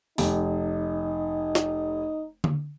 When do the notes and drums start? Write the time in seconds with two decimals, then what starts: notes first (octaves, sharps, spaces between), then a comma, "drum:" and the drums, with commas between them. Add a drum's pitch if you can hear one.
0.18 F1 D#4, drum: open hi-hat
1.55 drum: snare
2.44 drum: tom D3